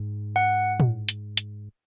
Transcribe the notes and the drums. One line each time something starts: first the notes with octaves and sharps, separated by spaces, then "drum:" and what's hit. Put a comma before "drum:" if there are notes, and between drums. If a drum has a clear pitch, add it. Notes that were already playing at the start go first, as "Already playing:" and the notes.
Already playing: G#2
F#5
drum: tom A2
drum: hi-hat
drum: hi-hat